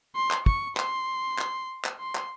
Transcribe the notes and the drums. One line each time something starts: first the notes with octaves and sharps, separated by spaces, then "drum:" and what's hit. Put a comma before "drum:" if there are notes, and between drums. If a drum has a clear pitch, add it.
C6
drum: clap
C#6, drum: kick
C6, drum: clap
drum: clap
drum: clap
C6
drum: clap